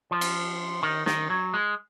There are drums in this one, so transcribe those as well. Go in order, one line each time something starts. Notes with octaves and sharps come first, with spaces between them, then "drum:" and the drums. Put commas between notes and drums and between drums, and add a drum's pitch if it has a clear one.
F3
drum: cymbal
D#3
D#3, drum: snare
F#3
G#3